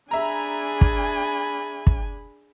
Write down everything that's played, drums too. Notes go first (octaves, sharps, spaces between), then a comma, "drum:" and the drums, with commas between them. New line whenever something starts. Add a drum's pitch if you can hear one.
D4 G#4 E5 G#5 A#5 B5
drum: kick
drum: kick